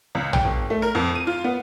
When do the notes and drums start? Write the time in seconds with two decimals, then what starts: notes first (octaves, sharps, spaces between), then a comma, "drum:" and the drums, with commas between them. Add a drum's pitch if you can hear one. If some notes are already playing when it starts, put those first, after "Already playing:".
0.15 C#2
0.33 G5, drum: tom
0.45 G1
0.70 A3
0.82 A#4
0.95 F2
1.15 D#7
1.27 F4
1.44 B3